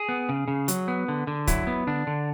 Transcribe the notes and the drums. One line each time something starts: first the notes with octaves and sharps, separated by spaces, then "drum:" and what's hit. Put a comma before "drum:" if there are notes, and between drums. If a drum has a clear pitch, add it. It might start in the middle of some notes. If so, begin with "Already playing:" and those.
Already playing: G#4
B3
C#3
C#3
F#3, drum: hi-hat
B3
D3
D3
F#3 E4, drum: kick, hi-hat
B3
D3 D4
D3